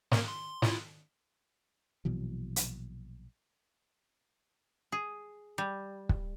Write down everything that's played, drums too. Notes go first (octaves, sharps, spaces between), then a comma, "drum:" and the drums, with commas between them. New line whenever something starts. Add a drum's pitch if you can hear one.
A#3 A#4, drum: snare
C6
E4 F4, drum: snare
A#1 B2 E3 F#3
drum: hi-hat
G#4
G3
drum: kick